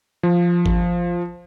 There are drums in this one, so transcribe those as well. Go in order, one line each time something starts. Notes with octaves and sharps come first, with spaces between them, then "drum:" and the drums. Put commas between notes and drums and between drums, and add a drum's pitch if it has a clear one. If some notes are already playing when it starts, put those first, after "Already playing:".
F3
drum: kick G#1